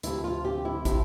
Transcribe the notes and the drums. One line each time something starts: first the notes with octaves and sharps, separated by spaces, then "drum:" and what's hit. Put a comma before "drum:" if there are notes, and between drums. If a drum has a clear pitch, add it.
D2 C3 F3 E4, drum: hi-hat
F4
G4
E4
C3 F3 E4, drum: kick, hi-hat